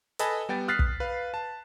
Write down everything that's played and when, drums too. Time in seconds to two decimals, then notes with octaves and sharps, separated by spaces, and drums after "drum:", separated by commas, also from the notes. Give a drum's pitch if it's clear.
0.19 A4 B4 D#5 G#5 A5 B5, drum: hi-hat
0.49 G3 B3 G5 A6
0.68 D#6 F6 F#6 A6 B6 C7
0.79 drum: kick
1.00 B4 F5
1.34 A5